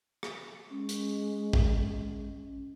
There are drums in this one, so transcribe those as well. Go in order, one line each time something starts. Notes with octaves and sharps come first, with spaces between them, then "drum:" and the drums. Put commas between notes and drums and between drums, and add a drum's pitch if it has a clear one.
drum: rim click
G#3 C#4
drum: hi-hat
drum: kick